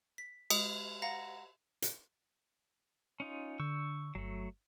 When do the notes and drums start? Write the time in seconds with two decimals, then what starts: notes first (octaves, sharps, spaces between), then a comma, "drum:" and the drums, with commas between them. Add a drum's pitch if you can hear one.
0.18 B6
0.50 G#3, drum: cymbal
1.02 F5 F#5 A#5 A#6
1.82 drum: hi-hat
3.20 C#4 D#4 F4
3.60 D3 C#6 E6 G6
4.15 G1 F#3 A3